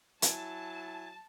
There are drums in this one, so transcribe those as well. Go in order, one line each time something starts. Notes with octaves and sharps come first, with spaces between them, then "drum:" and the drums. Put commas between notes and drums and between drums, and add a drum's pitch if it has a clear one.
F#3 E4 G#5 A5, drum: hi-hat